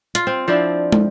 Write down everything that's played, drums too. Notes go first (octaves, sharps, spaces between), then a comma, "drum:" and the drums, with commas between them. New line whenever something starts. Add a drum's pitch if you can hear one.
F4, drum: hi-hat
C4
F3 C4 D4 E4
drum: tom